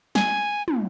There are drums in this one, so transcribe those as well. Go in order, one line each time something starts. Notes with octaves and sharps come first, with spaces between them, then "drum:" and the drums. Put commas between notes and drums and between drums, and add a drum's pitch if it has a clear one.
G#5, drum: snare
drum: tom